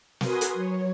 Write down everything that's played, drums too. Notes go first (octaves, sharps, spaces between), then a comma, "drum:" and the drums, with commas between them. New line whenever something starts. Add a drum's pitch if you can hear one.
F#4 A#4 B4 G#5 C6 D#6, drum: snare
drum: hi-hat
F#3 C#5